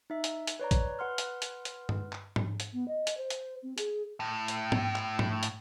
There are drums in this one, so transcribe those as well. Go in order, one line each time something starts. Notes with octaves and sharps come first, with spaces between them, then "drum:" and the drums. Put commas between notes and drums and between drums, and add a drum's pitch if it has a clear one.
D#4 E5
drum: hi-hat
drum: hi-hat
B4 C#5 D5 A#5
drum: kick, hi-hat
B4 F#5 C6 F6
drum: hi-hat
drum: hi-hat
drum: hi-hat
drum: tom G2
drum: clap
drum: tom G#2
drum: hi-hat
B3
D#5
drum: hi-hat
C5
drum: hi-hat
C4
G#4, drum: hi-hat
A2
drum: hi-hat
drum: tom G#2
drum: clap
drum: tom G#2
drum: hi-hat